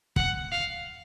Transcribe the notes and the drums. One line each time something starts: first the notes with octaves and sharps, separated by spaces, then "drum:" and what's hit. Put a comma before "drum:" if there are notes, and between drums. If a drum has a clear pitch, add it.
F#5, drum: kick
F5